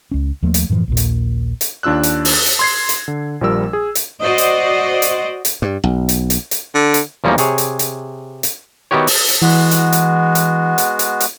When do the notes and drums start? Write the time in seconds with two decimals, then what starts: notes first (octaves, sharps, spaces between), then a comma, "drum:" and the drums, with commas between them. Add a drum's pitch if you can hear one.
0.11 C#2 C#4
0.42 D#2 F3 A3 A#3
0.54 drum: hi-hat
0.70 F#2 A2 E3 F3
0.88 A#1 D#2 A#2
0.97 drum: hi-hat
1.61 drum: hi-hat
1.83 D#2 D4 F4 E6 F#6
2.03 drum: hi-hat
2.25 drum: open hi-hat
2.46 drum: hi-hat
2.59 C6 G#6 C7
2.89 drum: hi-hat
3.08 D3
3.41 A#1 F3 G3 A#4 E6
3.73 G#4
3.95 drum: hi-hat
4.22 F#4 C5 D5 D#5
4.38 drum: hi-hat
5.02 drum: hi-hat
5.45 drum: hi-hat
5.62 G2
5.84 B1
6.09 drum: hi-hat
6.30 drum: hi-hat
6.51 drum: hi-hat
6.75 D3
6.94 drum: hi-hat
7.24 E2 F3 G3 A#3 C#4 D#4
7.38 C3 G#4 C#5, drum: hi-hat
7.58 drum: hi-hat
7.79 drum: hi-hat
8.43 drum: hi-hat
8.91 D#3 B3 E4 F#4 G4 C#5
9.07 drum: open hi-hat
9.29 drum: hi-hat
9.42 E3 G#3 B3 F#4
9.71 drum: hi-hat
9.92 drum: hi-hat
10.35 drum: hi-hat
10.78 drum: hi-hat
10.99 drum: hi-hat
11.20 drum: hi-hat